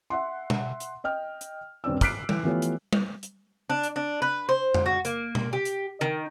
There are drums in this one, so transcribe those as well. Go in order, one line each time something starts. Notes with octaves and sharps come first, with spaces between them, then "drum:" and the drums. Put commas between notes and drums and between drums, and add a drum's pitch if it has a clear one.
E5 F#5 C6
drum: tom
drum: hi-hat
D#5 G5 F6
drum: hi-hat
D#1 G2 C4 D5 E6
D6 F6 F#6 B6 C7 D7, drum: kick, hi-hat
E3, drum: tom G3
E3 F3 A3 B3 G4 C#5
drum: hi-hat
drum: tom G3
drum: hi-hat
D4
drum: hi-hat
D4
B4
C5
drum: tom F2
F#4
A#3, drum: hi-hat
drum: tom
G4
drum: hi-hat
D#3